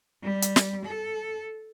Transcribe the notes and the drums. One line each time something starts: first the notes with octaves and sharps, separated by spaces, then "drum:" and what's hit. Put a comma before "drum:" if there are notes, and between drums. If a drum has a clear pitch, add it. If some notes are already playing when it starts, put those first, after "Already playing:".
G3
drum: hi-hat
drum: snare
A4